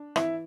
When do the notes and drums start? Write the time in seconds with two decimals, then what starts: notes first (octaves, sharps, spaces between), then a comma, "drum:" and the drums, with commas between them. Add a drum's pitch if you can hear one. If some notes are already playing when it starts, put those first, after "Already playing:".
Already playing: D4
0.16 E3 E4 E5, drum: rim click